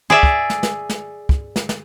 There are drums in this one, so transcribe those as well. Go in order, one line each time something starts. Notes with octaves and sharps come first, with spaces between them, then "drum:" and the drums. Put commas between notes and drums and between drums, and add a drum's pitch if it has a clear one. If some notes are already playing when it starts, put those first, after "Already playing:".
G#4 D5 E5
drum: kick
drum: snare
drum: snare
drum: snare
drum: kick
drum: snare
drum: snare